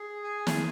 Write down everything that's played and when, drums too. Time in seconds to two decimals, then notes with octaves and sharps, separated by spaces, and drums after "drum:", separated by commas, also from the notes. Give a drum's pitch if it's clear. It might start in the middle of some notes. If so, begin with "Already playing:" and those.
Already playing: G#4
0.24 G#5
0.47 drum: snare